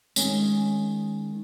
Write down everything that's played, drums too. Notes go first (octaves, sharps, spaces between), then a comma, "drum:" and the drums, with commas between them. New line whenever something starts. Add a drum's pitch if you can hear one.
D#3 G#3 C#4, drum: tambourine